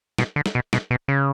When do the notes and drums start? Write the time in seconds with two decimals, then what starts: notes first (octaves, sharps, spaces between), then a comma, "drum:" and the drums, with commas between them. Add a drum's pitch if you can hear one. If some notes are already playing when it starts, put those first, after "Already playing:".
0.18 B2, drum: snare
0.36 D3
0.46 drum: snare
0.55 B2
0.73 B2, drum: snare
0.91 B2
1.08 C#3